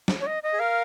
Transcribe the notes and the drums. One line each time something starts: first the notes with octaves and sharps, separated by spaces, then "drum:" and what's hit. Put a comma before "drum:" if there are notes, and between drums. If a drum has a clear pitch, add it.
drum: snare
C#5
D#5
D#5
G#4
A#4 F5